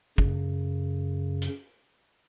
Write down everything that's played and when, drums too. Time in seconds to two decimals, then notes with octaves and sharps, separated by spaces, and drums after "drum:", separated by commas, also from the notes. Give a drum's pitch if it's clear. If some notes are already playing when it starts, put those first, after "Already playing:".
0.18 F#2 C#3, drum: kick
1.42 drum: hi-hat